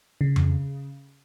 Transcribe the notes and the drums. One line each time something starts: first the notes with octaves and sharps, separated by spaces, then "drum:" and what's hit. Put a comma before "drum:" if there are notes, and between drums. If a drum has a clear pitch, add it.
C#3
drum: tom F2